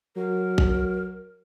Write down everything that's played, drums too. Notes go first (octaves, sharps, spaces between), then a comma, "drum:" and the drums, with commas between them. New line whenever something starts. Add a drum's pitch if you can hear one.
F#3 A#4
drum: kick A1